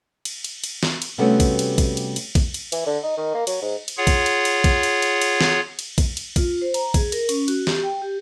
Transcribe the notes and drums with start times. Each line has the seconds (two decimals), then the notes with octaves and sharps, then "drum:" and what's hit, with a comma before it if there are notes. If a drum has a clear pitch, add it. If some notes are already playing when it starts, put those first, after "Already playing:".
0.25 drum: cymbal
0.44 drum: cymbal
0.64 drum: cymbal
0.83 drum: snare
1.02 drum: cymbal
1.18 C3 G3 A3 B3 C#4 F#4
1.40 drum: kick A#1, cymbal
1.59 drum: cymbal
1.78 drum: kick A#1, cymbal
1.97 drum: cymbal
2.16 drum: cymbal
2.35 drum: kick A#1, cymbal
2.54 drum: cymbal
2.72 E3, drum: cymbal
2.86 D3
3.03 D#4
3.17 D#3
3.34 A#3
3.47 F#3, drum: cymbal
3.62 G#2
3.88 drum: cymbal
3.97 F4 G#4 C#5 F#5
4.07 drum: kick A#1, cymbal
4.26 drum: cymbal
4.45 drum: cymbal
4.64 drum: kick A#1, cymbal
4.83 drum: cymbal
5.02 drum: cymbal
5.21 drum: cymbal
5.41 drum: snare
5.79 drum: cymbal
5.98 drum: kick A#1, cymbal
6.17 drum: cymbal
6.36 F4, drum: kick A#1, cymbal
6.61 C5
6.74 A#5, drum: cymbal
6.94 G#4, drum: kick A#1, cymbal
7.12 A#4, drum: cymbal
7.29 C#4, drum: cymbal
7.48 F#4, drum: cymbal
7.67 G4, drum: snare
7.83 G5
8.02 G4